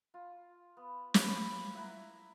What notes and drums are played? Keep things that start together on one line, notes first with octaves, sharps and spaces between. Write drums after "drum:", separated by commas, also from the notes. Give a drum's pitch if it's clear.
F4
B3
B5, drum: snare
E4 E5 F#5 A#5